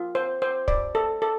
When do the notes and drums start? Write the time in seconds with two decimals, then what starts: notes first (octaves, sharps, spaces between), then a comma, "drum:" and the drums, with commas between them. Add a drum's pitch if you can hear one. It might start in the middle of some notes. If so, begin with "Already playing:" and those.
Already playing: F4
0.15 C5
0.42 C5
0.68 D5, drum: kick
0.95 A4
1.22 A4